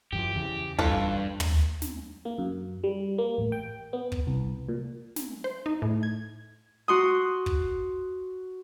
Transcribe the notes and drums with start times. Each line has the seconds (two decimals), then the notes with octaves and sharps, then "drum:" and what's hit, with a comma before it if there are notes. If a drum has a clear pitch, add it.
0.13 F#2 E3 F3 G4
0.35 E2 C#3 E3
0.79 G2 F4 A4 B4, drum: kick
1.40 drum: tom
1.82 drum: snare
2.25 A#3
2.38 F#2
2.84 G3
3.18 A#3
3.38 A1
3.52 G5
3.93 B3
4.12 drum: kick
4.27 C2
4.69 A#2
5.16 drum: snare
5.44 C5
5.66 D#4
5.82 A2
6.03 G#6
6.88 F#4 C6 D#6
7.46 drum: kick